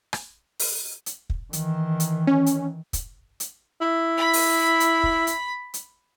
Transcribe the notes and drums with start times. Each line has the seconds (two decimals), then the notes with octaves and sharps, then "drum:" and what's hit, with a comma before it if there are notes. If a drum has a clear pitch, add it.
0.13 drum: rim click
0.59 drum: open hi-hat
1.06 drum: hi-hat
1.30 drum: kick
1.53 D#3 E3, drum: hi-hat
2.00 drum: hi-hat
2.27 C#4
2.46 drum: hi-hat
2.93 drum: kick, hi-hat
3.40 drum: hi-hat
3.81 E4
4.17 B5
4.33 drum: open hi-hat
4.80 drum: hi-hat
5.03 drum: kick
5.27 drum: hi-hat
5.74 drum: hi-hat